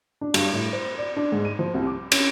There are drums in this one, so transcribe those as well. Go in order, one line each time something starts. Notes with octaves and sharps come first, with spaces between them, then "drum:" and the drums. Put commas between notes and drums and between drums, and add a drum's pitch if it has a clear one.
D4
G2, drum: cymbal
A2
C5
D5
D4
G#2
D#7
F3
C2
D6
C#4, drum: cymbal